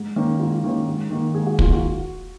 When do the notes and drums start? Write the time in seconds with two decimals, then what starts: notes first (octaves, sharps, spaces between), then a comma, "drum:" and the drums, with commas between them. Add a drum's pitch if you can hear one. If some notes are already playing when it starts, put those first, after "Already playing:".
Already playing: G#2
0.16 D#3 A#3 C#4
0.39 G#2 F4
0.64 D#3 A#3 C#4
0.88 G#2
1.10 D#3 A#3
1.34 G#2 G#4
1.46 F#4
1.59 D#3 A#3 F4, drum: kick
1.72 F#4